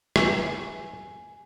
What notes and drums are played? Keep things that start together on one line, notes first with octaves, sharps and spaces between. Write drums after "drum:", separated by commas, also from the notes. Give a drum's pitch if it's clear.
E3 E4 G#5, drum: rim click